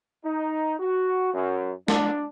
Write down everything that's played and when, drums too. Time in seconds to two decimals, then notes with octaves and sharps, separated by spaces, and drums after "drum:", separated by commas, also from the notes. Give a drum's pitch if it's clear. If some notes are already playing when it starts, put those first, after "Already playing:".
0.25 D#4
0.80 F#4
1.34 F#2
1.88 D4, drum: snare